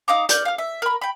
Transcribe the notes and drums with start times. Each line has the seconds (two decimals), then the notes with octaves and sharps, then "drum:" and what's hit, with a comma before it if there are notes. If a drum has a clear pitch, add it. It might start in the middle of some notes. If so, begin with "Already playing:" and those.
0.08 D#4 F5 A#5 D6
0.29 D5 F6 G6, drum: hi-hat
0.45 F5 F6
0.58 E5
0.82 A#4 B5
1.01 G5 B5